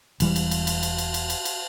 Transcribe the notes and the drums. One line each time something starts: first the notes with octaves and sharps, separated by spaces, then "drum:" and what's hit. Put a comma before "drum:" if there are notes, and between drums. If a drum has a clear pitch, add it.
E1 E3 G3, drum: cymbal
drum: cymbal
drum: cymbal
drum: cymbal
drum: cymbal
drum: cymbal
drum: cymbal
drum: cymbal
drum: cymbal